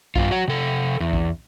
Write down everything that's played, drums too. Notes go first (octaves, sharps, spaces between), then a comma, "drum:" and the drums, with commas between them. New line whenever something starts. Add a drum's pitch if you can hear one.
G2 F4, drum: kick B1
F#4 C#5 F#5
C3 A4
E2
drum: kick B1